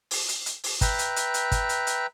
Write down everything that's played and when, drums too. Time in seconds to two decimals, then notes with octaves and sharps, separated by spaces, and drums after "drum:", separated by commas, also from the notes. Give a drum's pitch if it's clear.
0.11 drum: open hi-hat
0.28 drum: hi-hat
0.46 drum: hi-hat
0.64 drum: open hi-hat
0.81 B4 E5 G5 A#5, drum: kick, hi-hat
0.99 drum: hi-hat
1.16 drum: hi-hat
1.34 drum: hi-hat
1.52 drum: kick, hi-hat
1.69 drum: hi-hat
1.87 drum: hi-hat